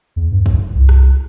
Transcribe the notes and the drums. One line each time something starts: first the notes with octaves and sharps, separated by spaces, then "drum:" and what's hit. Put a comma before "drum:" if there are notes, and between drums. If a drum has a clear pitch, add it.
E2
G2
drum: kick
C2
drum: rim click